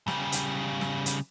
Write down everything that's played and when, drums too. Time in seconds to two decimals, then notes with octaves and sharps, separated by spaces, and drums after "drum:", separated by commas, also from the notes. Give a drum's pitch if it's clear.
0.08 C#3 G3, drum: snare
0.32 drum: hi-hat
0.81 drum: snare
1.06 drum: hi-hat